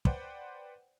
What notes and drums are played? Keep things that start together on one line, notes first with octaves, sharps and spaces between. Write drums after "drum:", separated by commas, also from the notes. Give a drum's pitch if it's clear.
B4 C5 D5 F#5 G5, drum: kick